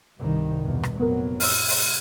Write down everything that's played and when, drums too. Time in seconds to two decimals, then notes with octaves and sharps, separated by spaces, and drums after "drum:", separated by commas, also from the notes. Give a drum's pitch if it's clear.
0.19 C2 G2 D#3
0.64 E2 G2 B2
0.83 drum: rim click
0.99 F1 A#2 F#3 B3 A#4
1.40 A2 E6 F6, drum: open hi-hat
1.68 drum: open hi-hat